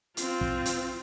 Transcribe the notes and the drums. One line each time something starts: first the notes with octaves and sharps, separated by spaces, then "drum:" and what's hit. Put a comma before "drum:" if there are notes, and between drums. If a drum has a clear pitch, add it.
C4 F4, drum: hi-hat
drum: kick
drum: hi-hat